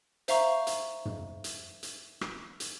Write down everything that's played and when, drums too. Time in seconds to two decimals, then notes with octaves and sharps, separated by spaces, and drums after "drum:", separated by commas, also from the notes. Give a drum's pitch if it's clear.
0.28 C5 E5 F5 A#5 C#6, drum: hi-hat
0.67 drum: hi-hat
1.05 drum: tom
1.44 drum: hi-hat
1.83 drum: hi-hat
2.21 drum: rim click
2.60 drum: hi-hat